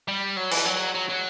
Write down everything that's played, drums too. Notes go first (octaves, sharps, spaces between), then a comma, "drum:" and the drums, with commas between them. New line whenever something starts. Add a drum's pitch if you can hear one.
G3
F#3
E3, drum: cymbal
F#3
F#3
F#3